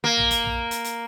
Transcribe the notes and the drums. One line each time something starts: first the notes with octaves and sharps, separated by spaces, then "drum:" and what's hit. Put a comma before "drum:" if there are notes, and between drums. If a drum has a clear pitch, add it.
A#3
drum: tom A#1
drum: kick G1, hi-hat
drum: tom A#1
drum: hi-hat
drum: hi-hat